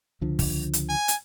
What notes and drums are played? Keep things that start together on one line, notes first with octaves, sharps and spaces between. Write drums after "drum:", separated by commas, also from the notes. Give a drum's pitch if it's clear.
C#2 D3 F3
drum: kick, open hi-hat
drum: hi-hat
G#5
drum: hi-hat